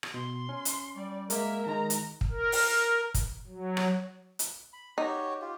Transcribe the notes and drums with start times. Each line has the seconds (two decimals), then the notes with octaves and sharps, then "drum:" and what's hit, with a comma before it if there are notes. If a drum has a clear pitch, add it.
0.03 drum: rim click
0.14 B2 C6
0.49 C#4
0.65 drum: hi-hat
0.96 G3 D5
1.30 G#3 A#3 A#4 E5, drum: hi-hat
1.66 D#3 G#3 D#4 A#5
1.90 drum: hi-hat
2.21 drum: kick
2.31 A#4
2.52 drum: open hi-hat
3.14 drum: kick, hi-hat
3.47 F#3
3.77 drum: rim click
4.39 drum: hi-hat
4.73 B5
4.98 D#4 F#4 G4 C#5
5.41 F4 G4